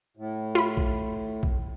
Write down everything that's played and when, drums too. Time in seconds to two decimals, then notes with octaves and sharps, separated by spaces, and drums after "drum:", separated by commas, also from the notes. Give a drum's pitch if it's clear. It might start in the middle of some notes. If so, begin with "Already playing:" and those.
0.17 A2
0.55 F4 B5
0.77 drum: kick
1.43 drum: kick